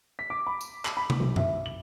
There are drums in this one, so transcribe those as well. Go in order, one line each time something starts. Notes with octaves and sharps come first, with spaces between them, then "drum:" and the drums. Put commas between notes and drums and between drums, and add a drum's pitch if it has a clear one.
B6
D6
B5
drum: tambourine
F#7, drum: clap
B5
drum: tom C3
B1
E5, drum: tom F#2
F#7